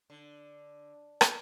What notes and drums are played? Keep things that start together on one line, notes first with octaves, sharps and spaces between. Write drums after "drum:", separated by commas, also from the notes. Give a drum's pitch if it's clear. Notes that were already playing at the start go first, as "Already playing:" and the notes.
D3
drum: rim click